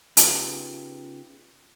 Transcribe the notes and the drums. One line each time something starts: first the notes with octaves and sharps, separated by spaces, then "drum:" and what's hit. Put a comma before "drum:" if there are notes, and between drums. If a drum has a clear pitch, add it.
C#3 B3 D#4 F4 G4, drum: hi-hat